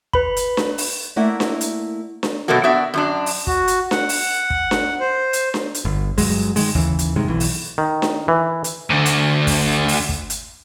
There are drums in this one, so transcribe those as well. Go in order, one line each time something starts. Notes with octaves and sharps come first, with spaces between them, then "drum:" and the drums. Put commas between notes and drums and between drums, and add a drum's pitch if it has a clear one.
B4 B5, drum: kick
drum: hi-hat
drum: snare D4
drum: open hi-hat
A3 A#3 E4 D5 F#5
drum: snare D4
drum: hi-hat
drum: snare D4
B2 F#3 A3 A#3 F#4
B3 D4 F#4 D5 E5
F#2 F#3 D4
drum: open hi-hat
F#4, drum: kick
drum: hi-hat
F#5, drum: snare D4
drum: open hi-hat
drum: kick
drum: snare D4
C5
drum: hi-hat
drum: snare D4
drum: hi-hat
G1
G2 F#3 G#3, drum: kick, open hi-hat
D#3 G#3, drum: open hi-hat
D#2 C#3 E3, drum: kick
drum: hi-hat
G2 C3 D#3 G#3
B1 E3
drum: open hi-hat
D#3
drum: snare D4
E3
drum: hi-hat
D2 D3
drum: hi-hat
drum: kick, open hi-hat
drum: open hi-hat
drum: kick
drum: hi-hat